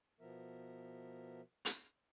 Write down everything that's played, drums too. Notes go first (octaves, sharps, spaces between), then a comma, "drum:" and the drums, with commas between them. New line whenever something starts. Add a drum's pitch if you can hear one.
B2 F3 B3 A#4 E5
drum: hi-hat